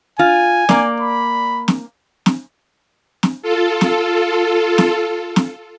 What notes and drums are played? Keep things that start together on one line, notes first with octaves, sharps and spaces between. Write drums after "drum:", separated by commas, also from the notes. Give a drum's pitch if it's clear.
F4 G#5
A#3 D5, drum: snare
B5
drum: snare
drum: snare
drum: snare
F4 A4
drum: snare
drum: snare
drum: snare